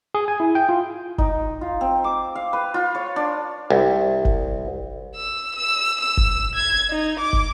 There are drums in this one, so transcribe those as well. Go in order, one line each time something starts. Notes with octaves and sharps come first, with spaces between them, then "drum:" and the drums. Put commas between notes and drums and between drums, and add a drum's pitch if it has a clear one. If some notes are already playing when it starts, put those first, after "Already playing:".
G#4
G#5
E4
G5
F4
D#4, drum: kick
F4
C4
D6
F5
B4
F4
C#5
D4
C2
drum: kick
E6
E6
E6
drum: kick
G#6
D#4
D6
drum: kick